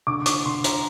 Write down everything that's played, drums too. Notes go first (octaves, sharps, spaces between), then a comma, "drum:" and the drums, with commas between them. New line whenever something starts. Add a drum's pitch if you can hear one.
D3 D6
D6, drum: hi-hat
D3 C6
A#5, drum: hi-hat